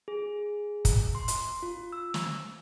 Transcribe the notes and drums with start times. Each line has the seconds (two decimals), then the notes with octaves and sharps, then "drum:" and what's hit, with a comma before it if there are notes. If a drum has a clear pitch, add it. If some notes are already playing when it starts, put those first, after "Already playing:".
0.08 G#4
0.85 drum: kick, hi-hat
1.15 C6
1.28 drum: hi-hat
1.63 F4
1.92 E6
2.14 drum: snare